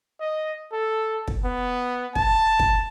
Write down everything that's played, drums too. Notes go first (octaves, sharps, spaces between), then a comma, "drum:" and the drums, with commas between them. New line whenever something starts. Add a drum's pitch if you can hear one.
D#5
A4
drum: kick
B3
A5, drum: kick
drum: kick